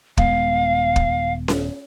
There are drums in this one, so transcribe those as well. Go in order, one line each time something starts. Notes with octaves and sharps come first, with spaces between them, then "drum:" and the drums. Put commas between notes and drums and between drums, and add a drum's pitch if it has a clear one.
D#1 G#3 B3 F5, drum: kick
drum: kick
drum: snare C#4